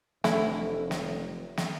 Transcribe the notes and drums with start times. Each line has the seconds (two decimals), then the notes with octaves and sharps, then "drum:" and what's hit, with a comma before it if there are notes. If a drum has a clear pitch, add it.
0.24 F1 D3 A3 E4, drum: snare
0.91 drum: snare
1.57 drum: snare